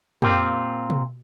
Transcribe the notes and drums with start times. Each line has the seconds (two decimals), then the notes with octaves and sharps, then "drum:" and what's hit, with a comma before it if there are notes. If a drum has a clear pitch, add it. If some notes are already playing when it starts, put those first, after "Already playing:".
0.22 A#2 A#3 C4 F4 G4 G5, drum: tom
0.90 drum: tom B2